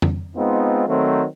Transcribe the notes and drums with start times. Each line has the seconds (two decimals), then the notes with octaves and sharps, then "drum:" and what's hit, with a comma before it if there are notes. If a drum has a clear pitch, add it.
0.02 drum: tom F2
0.36 G#3 B3 C4 D#4 F4
0.88 D#3 F#3 A3 C4